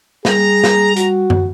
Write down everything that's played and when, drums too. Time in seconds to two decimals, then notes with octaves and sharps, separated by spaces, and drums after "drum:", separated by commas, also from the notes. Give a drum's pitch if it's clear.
0.25 G3 G#4 A#5, drum: snare
0.64 drum: snare
0.96 F#4, drum: hi-hat
1.30 drum: tom F#2